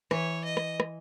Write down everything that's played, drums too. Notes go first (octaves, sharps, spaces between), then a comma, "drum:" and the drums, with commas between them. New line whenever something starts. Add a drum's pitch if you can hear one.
E3 C#5, drum: rim click
D#5
drum: rim click
drum: rim click